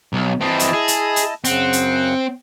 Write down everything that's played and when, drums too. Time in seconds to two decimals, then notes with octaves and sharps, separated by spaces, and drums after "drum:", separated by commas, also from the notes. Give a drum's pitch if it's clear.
0.13 B1
0.41 E3 C4 E4 D#5 A5
0.59 drum: hi-hat
0.73 G#4
0.88 drum: hi-hat
1.16 drum: hi-hat
1.44 F#2 C#3 C4 F#5, drum: hi-hat
1.73 drum: hi-hat